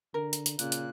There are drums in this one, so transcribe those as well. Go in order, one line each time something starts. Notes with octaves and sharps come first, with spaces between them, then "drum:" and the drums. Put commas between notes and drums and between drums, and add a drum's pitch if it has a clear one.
D3 A#4
drum: hi-hat
drum: hi-hat
A#2 C#3 A#3 F#6, drum: hi-hat
drum: hi-hat